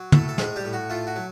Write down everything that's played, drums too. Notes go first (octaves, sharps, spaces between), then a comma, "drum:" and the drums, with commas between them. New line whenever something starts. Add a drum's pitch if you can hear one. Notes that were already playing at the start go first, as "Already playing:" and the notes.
Already playing: F#3
A2 A3 A4, drum: tom
A4
A2 G#3 G#4, drum: snare
G3 G4
A2
F#4
A3 F4
F#4
F#3